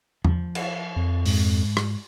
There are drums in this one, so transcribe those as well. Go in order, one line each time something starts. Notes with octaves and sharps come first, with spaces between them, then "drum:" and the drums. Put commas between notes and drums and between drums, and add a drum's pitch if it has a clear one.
F3, drum: tom E2
drum: cymbal
F2
G#2, drum: open hi-hat
drum: rim click